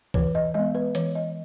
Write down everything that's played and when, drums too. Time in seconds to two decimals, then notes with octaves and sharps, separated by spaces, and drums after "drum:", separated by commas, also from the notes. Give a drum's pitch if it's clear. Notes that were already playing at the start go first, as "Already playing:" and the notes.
0.14 E3 B4, drum: kick C2
0.35 D#5
0.54 G#3 B3 D#5
0.75 B4
0.95 E3 C#5, drum: hi-hat
1.15 D#5